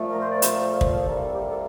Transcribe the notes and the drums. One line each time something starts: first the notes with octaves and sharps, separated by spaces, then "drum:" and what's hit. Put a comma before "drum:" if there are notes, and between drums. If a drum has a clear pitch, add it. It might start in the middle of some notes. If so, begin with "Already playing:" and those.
Already playing: A#2 F3 A3
A#4
C5
D5
C5, drum: hi-hat
A#4
A4
drum: kick
C2 C3 G3 A#3
G4
A4
A4